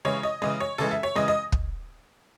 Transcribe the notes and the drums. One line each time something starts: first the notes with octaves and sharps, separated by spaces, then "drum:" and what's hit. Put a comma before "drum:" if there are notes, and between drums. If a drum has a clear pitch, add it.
C#3 E3 G#3 C#5
D#5
C#3 E3 G#3 D#5
C#5
C#3 E3 G#3 A4
E5
C#5
C#3 E3 G#3 D#5
D#5
drum: kick